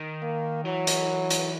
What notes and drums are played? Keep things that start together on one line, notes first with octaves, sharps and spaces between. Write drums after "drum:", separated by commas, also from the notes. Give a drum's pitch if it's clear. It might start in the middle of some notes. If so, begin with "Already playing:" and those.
Already playing: D#3
A#3
E3 F#3
drum: hi-hat
drum: hi-hat